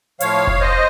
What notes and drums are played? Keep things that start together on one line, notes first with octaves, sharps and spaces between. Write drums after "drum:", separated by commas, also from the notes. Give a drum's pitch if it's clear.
A2 F3 C#5 F5, drum: hi-hat
drum: kick F1
C5 D#5